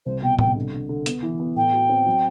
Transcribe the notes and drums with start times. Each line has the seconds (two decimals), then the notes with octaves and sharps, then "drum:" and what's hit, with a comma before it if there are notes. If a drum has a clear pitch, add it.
0.05 C2 C5
0.22 B2 G5
0.39 C2 G5, drum: tom A2
0.56 D3
0.73 D3
0.89 D3
1.06 B3, drum: hi-hat
1.23 E3
1.40 B3
1.56 A2 G5
1.73 F#4
1.89 C4
2.06 F#3